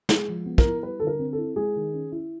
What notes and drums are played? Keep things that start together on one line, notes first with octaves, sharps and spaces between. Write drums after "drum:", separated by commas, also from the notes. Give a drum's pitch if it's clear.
G#3 G#4, drum: snare
F3
B3
A#4, drum: kick
E4
G3 B4
D3 A4
A#4
C4
E4 A4
G#3 G#4
D#3
C#4
E4